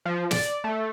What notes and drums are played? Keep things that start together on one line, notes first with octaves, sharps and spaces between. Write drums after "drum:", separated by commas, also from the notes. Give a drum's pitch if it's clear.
F3
D5, drum: snare
A3